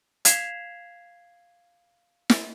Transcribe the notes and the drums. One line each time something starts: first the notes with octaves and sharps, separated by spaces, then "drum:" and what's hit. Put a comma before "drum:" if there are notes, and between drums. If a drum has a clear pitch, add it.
F5 G#6 B6 C7 E7 F7, drum: hi-hat
drum: snare